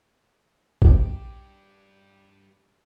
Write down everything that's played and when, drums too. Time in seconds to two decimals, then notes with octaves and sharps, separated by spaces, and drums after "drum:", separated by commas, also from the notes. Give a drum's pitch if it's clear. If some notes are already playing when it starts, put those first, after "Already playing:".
0.82 G3 D4 G4, drum: kick A#1